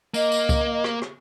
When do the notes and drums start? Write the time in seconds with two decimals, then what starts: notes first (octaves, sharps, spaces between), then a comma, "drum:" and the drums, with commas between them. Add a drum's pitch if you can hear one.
0.14 A#3 D#5, drum: tambourine
0.32 drum: tambourine
0.49 drum: kick C2, tambourine
0.84 drum: rim click
1.02 drum: rim click